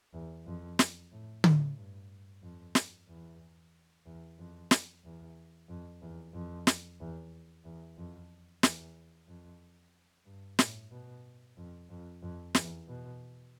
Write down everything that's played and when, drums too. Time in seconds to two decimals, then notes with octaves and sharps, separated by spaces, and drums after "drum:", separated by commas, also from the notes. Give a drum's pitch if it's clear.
0.13 E2
0.46 F2
0.79 drum: snare
1.12 A2
1.44 A2, drum: tom D3
1.77 G2
2.42 F2
2.75 drum: snare
3.08 E2
4.05 E2
4.38 F2
4.71 drum: snare
5.04 E2
5.69 F2
6.02 E2
6.34 F2
6.67 drum: snare
7.00 E2
7.65 E2
7.97 F2
8.63 E2, drum: snare
9.28 F2
10.26 G2
10.59 A2, drum: snare
10.91 B2
11.57 F2
11.90 F2
12.22 F2
12.55 E2, drum: snare
12.87 B2